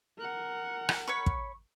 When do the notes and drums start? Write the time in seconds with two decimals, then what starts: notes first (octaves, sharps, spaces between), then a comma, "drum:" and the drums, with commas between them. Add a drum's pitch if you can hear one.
0.18 A#4 F#5
0.89 drum: rim click
1.08 C#5 B5 C#6
1.26 drum: kick